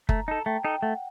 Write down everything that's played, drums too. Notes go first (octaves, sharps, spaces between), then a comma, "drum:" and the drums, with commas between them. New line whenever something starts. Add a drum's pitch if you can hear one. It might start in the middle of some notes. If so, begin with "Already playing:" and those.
A3 A#5, drum: kick F#1
D#4 A4 A5
A3 G5
D#4 A4 G5
G5
A3 F#5